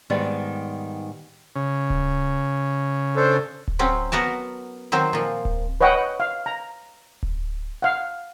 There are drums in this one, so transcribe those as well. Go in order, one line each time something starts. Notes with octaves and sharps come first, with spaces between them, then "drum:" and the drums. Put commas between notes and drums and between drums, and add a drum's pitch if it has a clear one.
G#2 D#3 G3 B3 D5
C#3
drum: kick D1
D4 A4 C5
drum: kick D1
F#3 C4 C#4
B3 F#4 A#4 A5
D#3 F#3 C4 C5
A#2 F3
drum: kick D1
B4 C#5 D#5 F#5 G5
F5
A#5
drum: kick D1
F5 F#5